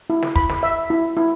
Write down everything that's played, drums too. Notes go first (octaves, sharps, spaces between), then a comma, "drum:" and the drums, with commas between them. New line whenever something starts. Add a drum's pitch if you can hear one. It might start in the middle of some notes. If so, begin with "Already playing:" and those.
E4
drum: snare
B5, drum: kick
drum: snare
E5
E4
E4